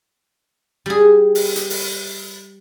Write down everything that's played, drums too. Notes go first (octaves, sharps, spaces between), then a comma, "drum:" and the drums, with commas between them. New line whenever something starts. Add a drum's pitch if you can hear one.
G3 G#4
drum: open hi-hat
drum: hi-hat
drum: open hi-hat